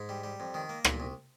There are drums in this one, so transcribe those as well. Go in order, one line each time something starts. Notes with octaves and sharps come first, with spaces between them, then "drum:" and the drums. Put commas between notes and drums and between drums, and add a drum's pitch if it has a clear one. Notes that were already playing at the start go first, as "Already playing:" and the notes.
Already playing: G#2
G3
G3
F2
D#3
A#3
A#2, drum: rim click
C2